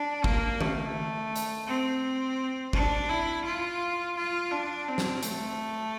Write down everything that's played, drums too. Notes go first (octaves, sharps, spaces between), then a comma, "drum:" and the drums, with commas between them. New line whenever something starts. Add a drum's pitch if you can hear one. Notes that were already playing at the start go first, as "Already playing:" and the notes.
Already playing: D4
A#3, drum: kick
A3, drum: tom D#3
drum: hi-hat
C4
D4, drum: kick
E4
F4
F4
D4
C4
drum: snare
A3, drum: hi-hat